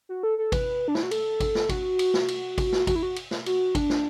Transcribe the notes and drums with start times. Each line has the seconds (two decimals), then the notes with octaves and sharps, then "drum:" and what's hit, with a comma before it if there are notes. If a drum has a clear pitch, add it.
0.09 F#4
0.23 A4
0.38 A4
0.52 B4, drum: kick G#1, cymbal
0.88 D4
0.95 E4, drum: snare
1.03 F#4
1.11 A4, drum: cymbal
1.40 drum: kick G#1, cymbal
1.55 drum: snare
1.69 F#4, drum: kick G#1, cymbal
1.99 drum: cymbal
2.14 drum: snare
2.28 drum: cymbal
2.58 drum: kick G#1, cymbal
2.72 drum: snare
2.87 F#4, drum: kick G#1, cymbal
2.96 E4
3.03 F#4
3.16 drum: cymbal
3.31 drum: snare
3.46 F#4, drum: cymbal
3.75 D4, drum: kick G#1, cymbal
3.90 drum: snare